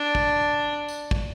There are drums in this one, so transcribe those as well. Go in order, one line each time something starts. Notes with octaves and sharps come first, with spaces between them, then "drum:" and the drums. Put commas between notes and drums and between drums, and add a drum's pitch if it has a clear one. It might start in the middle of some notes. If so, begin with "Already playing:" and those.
Already playing: D4
drum: kick
drum: tambourine
drum: kick